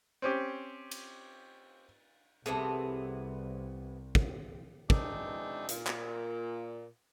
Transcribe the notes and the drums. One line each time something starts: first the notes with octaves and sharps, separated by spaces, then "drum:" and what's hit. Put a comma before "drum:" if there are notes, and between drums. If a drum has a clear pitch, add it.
C4 C#4 G4
drum: cymbal
C2 C3 E3 B3 C4 G#4 A4
drum: kick
B2 E3 G#3 C4 D4 D#4, drum: kick
A#2, drum: hi-hat
drum: clap